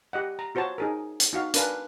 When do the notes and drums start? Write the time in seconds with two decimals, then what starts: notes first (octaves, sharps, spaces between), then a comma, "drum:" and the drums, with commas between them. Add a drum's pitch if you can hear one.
0.13 G4 D#5 F#5
0.39 A#5
0.55 F4 F#4 C5 C#5 A5
0.78 D#4 G#4 A#4
1.20 drum: hi-hat
1.33 D#4 F#4 F5
1.54 D4 A#4 B4 F5 G#5, drum: hi-hat